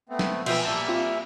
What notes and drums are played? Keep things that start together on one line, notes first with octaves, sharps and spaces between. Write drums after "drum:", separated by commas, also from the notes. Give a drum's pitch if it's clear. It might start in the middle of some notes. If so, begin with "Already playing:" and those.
A3 B3 C4
drum: snare
B2 F3 B3 E5 G5 C6, drum: cymbal
A#1 G3 A#3 E5 A5
C4 F4